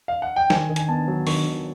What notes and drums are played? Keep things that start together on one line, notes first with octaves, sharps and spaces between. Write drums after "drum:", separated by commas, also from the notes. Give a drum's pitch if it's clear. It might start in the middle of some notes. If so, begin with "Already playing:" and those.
F5
F#5
G5
D#3 G#5, drum: snare
D#3
G#5, drum: hi-hat
B3 A5
F#3
D#3 C#6, drum: open hi-hat
D#3